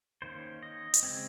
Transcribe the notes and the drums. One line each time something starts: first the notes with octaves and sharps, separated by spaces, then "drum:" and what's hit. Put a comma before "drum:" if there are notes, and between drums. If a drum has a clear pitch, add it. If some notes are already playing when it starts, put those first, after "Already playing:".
D#3 A#3 C#4 C5
D#5
drum: hi-hat
C#3 G#3 C4